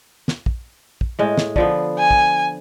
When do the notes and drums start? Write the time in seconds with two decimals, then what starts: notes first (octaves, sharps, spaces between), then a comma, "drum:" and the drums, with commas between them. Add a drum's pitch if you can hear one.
0.28 drum: snare
0.46 drum: kick
1.01 drum: kick
1.19 A2 G#3
1.38 drum: snare
1.56 D3 F3 B3, drum: kick
1.99 G#5
2.11 drum: kick